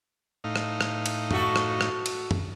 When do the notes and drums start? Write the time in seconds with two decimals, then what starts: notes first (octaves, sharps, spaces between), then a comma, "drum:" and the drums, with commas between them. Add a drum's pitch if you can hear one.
0.44 A2 D#4 F5
0.56 drum: rim click
0.81 drum: rim click
1.06 drum: cymbal
1.31 A3 F#4 A4, drum: tom
1.56 drum: rim click
1.81 drum: rim click
2.06 drum: cymbal
2.31 drum: tom